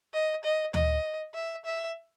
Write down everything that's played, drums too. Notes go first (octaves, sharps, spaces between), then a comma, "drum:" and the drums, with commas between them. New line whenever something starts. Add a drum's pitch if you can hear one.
D#5
D#5
D#5, drum: tom D2
E5
E5